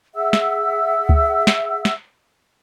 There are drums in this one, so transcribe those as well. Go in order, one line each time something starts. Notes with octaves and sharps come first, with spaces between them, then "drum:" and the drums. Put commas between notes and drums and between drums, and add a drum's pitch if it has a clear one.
G#4 E5 F#5 E6
drum: snare
drum: kick C#2
drum: snare
drum: snare